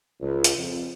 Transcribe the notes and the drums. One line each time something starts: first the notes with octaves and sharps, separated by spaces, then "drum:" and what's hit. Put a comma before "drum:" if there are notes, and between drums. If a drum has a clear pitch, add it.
C#2
drum: hi-hat
F2